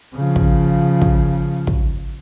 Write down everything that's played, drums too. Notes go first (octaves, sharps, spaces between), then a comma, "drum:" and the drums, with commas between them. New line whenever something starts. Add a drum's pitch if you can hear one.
C#3 F3
drum: kick
drum: kick
drum: kick